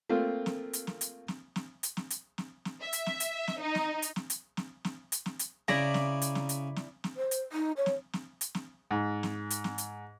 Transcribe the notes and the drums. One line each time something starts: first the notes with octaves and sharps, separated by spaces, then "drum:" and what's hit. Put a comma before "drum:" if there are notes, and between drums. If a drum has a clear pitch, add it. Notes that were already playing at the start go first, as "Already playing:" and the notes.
A3 A#3 C4 F4
drum: snare
drum: hi-hat
drum: snare
drum: hi-hat
drum: snare
drum: snare
drum: hi-hat
drum: snare
drum: hi-hat
drum: snare
drum: snare
E5
drum: hi-hat
drum: snare
drum: hi-hat
drum: snare
D#4
drum: snare
drum: hi-hat
drum: snare
drum: hi-hat
drum: snare
drum: snare
drum: hi-hat
drum: snare
drum: hi-hat
C#3 E4 D5 A#5, drum: snare
drum: snare
drum: hi-hat
drum: snare
drum: hi-hat
drum: snare
drum: snare
C5
drum: hi-hat
D#4
C#5
drum: snare
drum: snare
drum: hi-hat
drum: snare
G#2
drum: snare
drum: hi-hat
drum: snare
drum: hi-hat